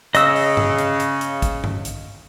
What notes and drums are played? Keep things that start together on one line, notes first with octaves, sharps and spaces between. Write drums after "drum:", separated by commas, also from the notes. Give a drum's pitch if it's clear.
C#3 D#5 E6, drum: hi-hat
drum: open hi-hat
drum: tom G2
drum: hi-hat
drum: hi-hat
drum: hi-hat
drum: kick, hi-hat
drum: tom G2
drum: hi-hat